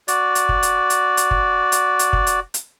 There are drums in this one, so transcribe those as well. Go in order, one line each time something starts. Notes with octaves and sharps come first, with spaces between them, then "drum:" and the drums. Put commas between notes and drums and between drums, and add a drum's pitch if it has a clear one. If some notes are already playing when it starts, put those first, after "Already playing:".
F#4 D5, drum: hi-hat
drum: hi-hat
drum: kick
drum: hi-hat
drum: hi-hat
drum: hi-hat
drum: kick
drum: hi-hat
drum: hi-hat
drum: kick
drum: hi-hat
drum: hi-hat